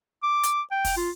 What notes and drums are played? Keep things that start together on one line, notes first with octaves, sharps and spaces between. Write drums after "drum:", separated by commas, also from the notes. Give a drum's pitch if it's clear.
D6
drum: hi-hat
G5
drum: kick, open hi-hat
F4